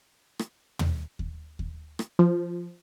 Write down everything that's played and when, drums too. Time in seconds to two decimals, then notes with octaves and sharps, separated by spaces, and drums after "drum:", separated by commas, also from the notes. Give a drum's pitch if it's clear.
0.39 drum: rim click
0.79 drum: tom
1.19 drum: kick D#2
1.59 drum: kick D#2
1.99 drum: rim click
2.19 F3